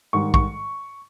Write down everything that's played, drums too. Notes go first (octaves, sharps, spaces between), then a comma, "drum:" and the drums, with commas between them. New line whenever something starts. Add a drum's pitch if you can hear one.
G#2 D#3 G3 C#6
C#6, drum: kick